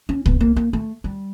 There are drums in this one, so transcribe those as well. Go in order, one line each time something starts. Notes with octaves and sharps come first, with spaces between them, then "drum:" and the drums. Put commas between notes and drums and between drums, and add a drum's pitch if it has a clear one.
C#4
B3, drum: kick C2
A#3
A#3
A3
G3